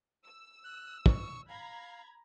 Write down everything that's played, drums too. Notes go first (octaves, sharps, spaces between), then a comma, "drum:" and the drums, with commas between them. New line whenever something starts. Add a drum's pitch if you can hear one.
E6
F#6
C#6, drum: kick
F5 A#5 B5 G#6